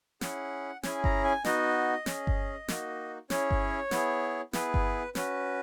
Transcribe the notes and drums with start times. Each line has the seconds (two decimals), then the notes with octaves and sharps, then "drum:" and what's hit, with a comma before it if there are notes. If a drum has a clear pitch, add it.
0.21 C#4 E4 G#4 F#5, drum: snare
0.83 C#4 E4 G#4 G#5, drum: snare
1.04 A#5, drum: kick G1
1.24 G#5
1.44 B3 D#4 F#4 D#5, drum: snare
2.06 C#4 G#4, drum: snare
2.27 drum: kick G1
2.68 A#3 D#4 F#4, drum: snare
3.30 C#4 E4 G#4 C#5, drum: snare
3.51 drum: kick G1
3.91 B3 E4 G#4, drum: snare
4.53 B3 E4 G#4 B4, drum: snare
4.74 drum: kick G1
5.15 C#4 F#4 B4, drum: snare